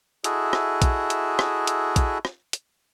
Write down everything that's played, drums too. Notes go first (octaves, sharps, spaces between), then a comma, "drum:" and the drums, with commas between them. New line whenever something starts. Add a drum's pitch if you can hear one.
E4 F#4 G#4 A4 D#5 E5, drum: hi-hat
drum: rim click
drum: kick A#1, hi-hat
drum: hi-hat
drum: rim click
drum: hi-hat
drum: kick A#1, hi-hat
drum: rim click
drum: hi-hat